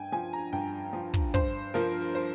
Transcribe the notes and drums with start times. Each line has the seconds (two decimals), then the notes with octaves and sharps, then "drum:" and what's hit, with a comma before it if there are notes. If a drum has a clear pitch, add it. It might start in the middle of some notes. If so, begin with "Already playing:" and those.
Already playing: G2 G5 G#5
0.12 F3 G#5
0.33 A#5
0.53 G2 G5
0.93 F3
1.14 drum: kick
1.34 G2 C5, drum: kick
1.74 F3 A#4
2.15 C5